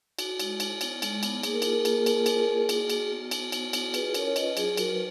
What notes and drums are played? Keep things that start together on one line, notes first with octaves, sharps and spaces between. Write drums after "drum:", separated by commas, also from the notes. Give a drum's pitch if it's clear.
F#4, drum: cymbal
G#3, drum: cymbal
F#4, drum: cymbal
B3, drum: cymbal
G#3, drum: cymbal
B3, drum: cymbal
A#3 G#4, drum: cymbal
A#4
F4 G#4, drum: cymbal
A#4
G#4
A#3 A#4, drum: cymbal
G#4
F4 A#4, drum: cymbal
G#4
F4 A#4, drum: cymbal
G#4
A#3 A#4
G#4
F#4 G#4, drum: cymbal
F#4, drum: cymbal
B3
F#4, drum: cymbal
B3, drum: cymbal
F#4, drum: cymbal
F4 G#4 B4, drum: cymbal
C#4 A#4 C#5, drum: cymbal
C#5
F4 B4 D#5, drum: cymbal
F#3 G#4, drum: cymbal
F#3 F#4 A#4, drum: cymbal
B4